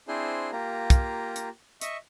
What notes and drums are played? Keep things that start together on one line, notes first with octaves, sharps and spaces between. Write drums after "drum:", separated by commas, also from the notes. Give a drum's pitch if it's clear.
C4 D4 E4 G#4 C5 C6
A#3 F4 G4 A#5
drum: kick, hi-hat
drum: hi-hat
D#5 E5 C#6, drum: hi-hat